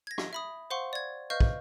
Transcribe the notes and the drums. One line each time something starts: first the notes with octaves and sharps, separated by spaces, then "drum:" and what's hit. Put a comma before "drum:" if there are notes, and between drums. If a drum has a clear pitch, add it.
G#6 A#6
drum: rim click
E5 B5 D#6
C5 F5 F#5 C6 C#6
D5 G#6
B4 D#5 F5 C#6 F6 G6
drum: kick